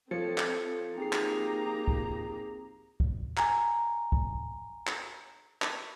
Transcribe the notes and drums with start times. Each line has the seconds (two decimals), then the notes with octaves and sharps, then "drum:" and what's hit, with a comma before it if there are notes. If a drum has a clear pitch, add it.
0.11 F3 C4 A4 C#5 C#7
0.38 drum: clap
0.98 A#3 C4 D#4 G4 G#4 A#5 C7
1.13 drum: clap
1.88 drum: kick
3.00 drum: kick
3.37 G#5 A#5, drum: clap
4.12 drum: kick
4.87 drum: clap
5.62 drum: clap